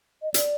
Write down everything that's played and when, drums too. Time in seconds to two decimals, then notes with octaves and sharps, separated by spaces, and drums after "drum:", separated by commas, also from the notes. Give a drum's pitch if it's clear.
0.22 D#5
0.34 D5, drum: hi-hat